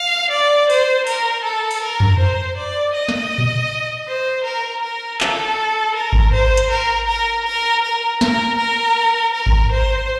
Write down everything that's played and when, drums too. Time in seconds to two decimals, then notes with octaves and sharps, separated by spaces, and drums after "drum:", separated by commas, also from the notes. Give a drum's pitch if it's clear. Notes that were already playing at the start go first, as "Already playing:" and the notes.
Already playing: F5
0.31 D5
0.70 C5, drum: open hi-hat
1.07 A#4, drum: open hi-hat
1.44 A4
1.71 drum: open hi-hat
1.82 A#4
2.00 drum: tom F2
2.19 C5
2.58 D5
2.94 D#5
3.08 drum: snare
3.38 drum: tom A#2
4.08 C5
4.45 A#4
4.83 A#4
5.21 A4, drum: clap
5.96 A#4
6.13 drum: kick G#1
6.33 C5
6.57 drum: hi-hat
6.71 A#4
7.08 A#4
7.46 A#4
7.83 A#4
8.21 A#4, drum: snare
8.58 A#4
9.35 A#4
9.46 drum: kick G#1
9.72 C5